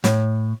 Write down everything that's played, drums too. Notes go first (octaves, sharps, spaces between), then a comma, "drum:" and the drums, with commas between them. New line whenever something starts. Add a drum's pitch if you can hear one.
A2, drum: snare